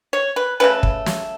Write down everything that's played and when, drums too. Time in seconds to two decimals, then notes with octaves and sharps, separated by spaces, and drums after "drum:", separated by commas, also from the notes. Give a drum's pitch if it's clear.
0.13 C#5
0.36 B4
0.60 C#3 F#3 A3 C#4 B4
0.83 drum: kick
1.06 drum: snare